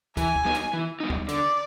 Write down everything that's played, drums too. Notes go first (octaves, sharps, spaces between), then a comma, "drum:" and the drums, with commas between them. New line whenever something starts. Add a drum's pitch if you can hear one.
E3 G#5, drum: kick, hi-hat
drum: kick
G3 B3 D#4
drum: hi-hat
E3
G3 B3 D#4
drum: kick
D3 D5, drum: hi-hat